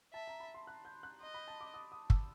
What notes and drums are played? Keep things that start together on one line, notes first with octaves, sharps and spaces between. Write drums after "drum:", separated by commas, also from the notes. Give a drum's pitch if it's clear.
E5 A5
A#5
B5
C6
F#6
G6
F#6
D#5 C6
B5
A5
D6
D#6
D#6
E6, drum: kick